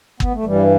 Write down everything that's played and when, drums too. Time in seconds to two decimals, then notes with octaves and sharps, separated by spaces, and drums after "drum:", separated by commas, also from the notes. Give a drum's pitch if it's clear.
0.20 B3, drum: kick
0.33 A3
0.44 G2 E3 G3